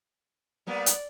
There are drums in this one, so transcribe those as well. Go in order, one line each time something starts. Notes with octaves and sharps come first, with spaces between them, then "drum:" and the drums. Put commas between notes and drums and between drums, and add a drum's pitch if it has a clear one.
G3 A#3 B3 D5
drum: hi-hat